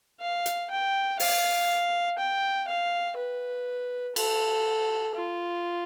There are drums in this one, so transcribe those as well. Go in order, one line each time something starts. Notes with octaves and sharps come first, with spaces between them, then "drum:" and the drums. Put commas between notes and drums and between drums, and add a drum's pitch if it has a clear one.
F5
drum: hi-hat
G5
F5, drum: open hi-hat
G5
F5
B4
A4, drum: cymbal
F4